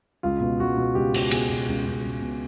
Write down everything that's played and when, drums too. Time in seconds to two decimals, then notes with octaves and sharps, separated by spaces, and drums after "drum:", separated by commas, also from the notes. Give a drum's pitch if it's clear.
0.23 C#2 F4
0.41 B2
0.60 C#2 F#4
0.77 B2
0.95 C#2 G4
1.14 B2, drum: cymbal
1.31 B2 G#4, drum: cymbal
1.50 B2
1.68 C#2
1.86 C#2
2.04 C#2
2.22 B2